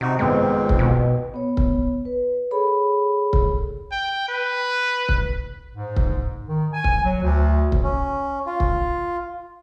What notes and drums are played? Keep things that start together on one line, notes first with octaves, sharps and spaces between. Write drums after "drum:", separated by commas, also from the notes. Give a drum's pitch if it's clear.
C3 D#4 F#4
G#1 F2 A#2 G#3 B3 C4 G5
drum: kick C#1
B2
B3 C#5
drum: kick C#1
B4
G#4 A4 C#5 B5
drum: kick C#1
G5
B4
drum: kick C#1
G#2
drum: kick C#1
D#3
G#5
drum: kick C#1
F#3
D2
drum: kick C#1
C#4
F4
drum: kick C#1